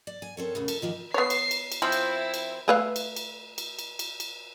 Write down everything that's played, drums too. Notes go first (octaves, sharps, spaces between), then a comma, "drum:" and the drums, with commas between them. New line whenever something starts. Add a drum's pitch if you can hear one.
D5
G#5
C4 A4 A#4 C#5
E2 A2 C#3
A4, drum: cymbal
D#3 F3 F4 G4
B3 C#5 C7
drum: cymbal
drum: cymbal
drum: cymbal
F3 C4 E4
drum: cymbal
drum: cymbal
A3 B4 F5
drum: cymbal
drum: cymbal
drum: cymbal
drum: cymbal
drum: cymbal
drum: cymbal